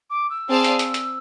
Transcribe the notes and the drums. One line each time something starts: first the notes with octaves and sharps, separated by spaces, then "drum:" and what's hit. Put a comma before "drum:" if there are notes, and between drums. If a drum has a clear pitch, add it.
D6
E6
C4 G#4 D5 F5 A5
drum: hi-hat
drum: hi-hat
drum: hi-hat